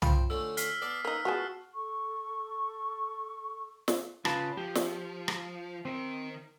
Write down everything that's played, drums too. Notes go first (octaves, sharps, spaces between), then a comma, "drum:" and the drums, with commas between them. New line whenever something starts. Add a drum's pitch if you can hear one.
F4 C5 G5 B5, drum: tom
D3 A3 C#4 E6
F6 B6 C7, drum: hi-hat
B3 D5 A5
A#3 D#4 B4 E6
G#3 B3 F4 F#4 A5
A4 C#6
drum: snare
C#3 F4 B4 A5, drum: rim click
F3 G4
drum: snare
drum: rim click
D#3 C4 A#4